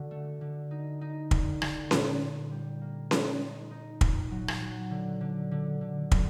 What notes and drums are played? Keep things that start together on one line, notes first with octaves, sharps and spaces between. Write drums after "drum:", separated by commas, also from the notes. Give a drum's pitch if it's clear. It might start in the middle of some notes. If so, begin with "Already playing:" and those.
Already playing: D3 F#4
A3
D3
D#4
D#4
D3, drum: kick
D3, drum: rim click
A#2, drum: snare C#4
A#2
G3
A#3
D#4, drum: snare C#4
D#4
D#4
A#2, drum: kick
F#3
drum: rim click
F#3
D3
D3
D3
D3
F#3, drum: kick